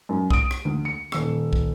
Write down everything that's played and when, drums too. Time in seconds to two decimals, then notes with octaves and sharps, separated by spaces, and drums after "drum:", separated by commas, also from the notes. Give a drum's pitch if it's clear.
0.09 F#2
0.30 D#6 D7, drum: kick
0.51 drum: rim click
0.65 D2
0.85 C#7
1.12 D#1 E6, drum: rim click
1.53 drum: kick